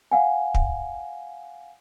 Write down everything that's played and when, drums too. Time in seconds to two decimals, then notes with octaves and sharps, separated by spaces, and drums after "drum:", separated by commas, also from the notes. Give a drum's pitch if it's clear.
0.12 F5 F#5 G#5
0.55 drum: kick